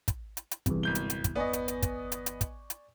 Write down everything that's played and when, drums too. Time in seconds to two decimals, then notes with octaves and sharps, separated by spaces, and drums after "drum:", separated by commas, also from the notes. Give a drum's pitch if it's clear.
0.08 drum: kick, hi-hat
0.37 drum: hi-hat
0.51 drum: hi-hat
0.66 G1 E2 C3 E3, drum: kick, hi-hat
0.83 G#1 G6 G7
0.95 drum: hi-hat
1.10 drum: hi-hat
1.24 drum: kick, hi-hat
1.36 B3 D5 D#5 G#5 C#6
1.53 drum: hi-hat
1.68 drum: hi-hat
1.83 drum: kick, hi-hat
2.12 drum: hi-hat
2.26 drum: hi-hat
2.41 drum: kick, hi-hat
2.70 drum: hi-hat